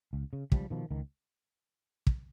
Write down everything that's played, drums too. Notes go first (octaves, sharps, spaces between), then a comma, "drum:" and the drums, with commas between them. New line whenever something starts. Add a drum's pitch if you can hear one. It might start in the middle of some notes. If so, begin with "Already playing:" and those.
C#2
C#3
C#2 F3 G3, drum: kick
B2 D#3 F3
C#2 D#3
drum: kick